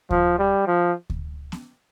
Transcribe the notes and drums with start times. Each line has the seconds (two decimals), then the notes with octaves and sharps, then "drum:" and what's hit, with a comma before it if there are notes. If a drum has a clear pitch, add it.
0.10 F3, drum: kick D2
0.39 G3
0.67 F3
1.10 drum: kick D2
1.52 drum: snare B3